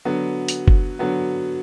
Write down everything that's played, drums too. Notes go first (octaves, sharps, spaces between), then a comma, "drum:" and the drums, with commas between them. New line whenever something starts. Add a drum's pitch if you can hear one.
D3 F#3 B3
drum: hi-hat
drum: kick
D3 F#3 B3